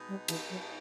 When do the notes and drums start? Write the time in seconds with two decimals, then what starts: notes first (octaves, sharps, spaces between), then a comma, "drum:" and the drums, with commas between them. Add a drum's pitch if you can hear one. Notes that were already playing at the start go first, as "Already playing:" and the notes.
Already playing: B2 G#3 B3 D#4
0.09 G3
0.28 E3, drum: cymbal
0.50 F#3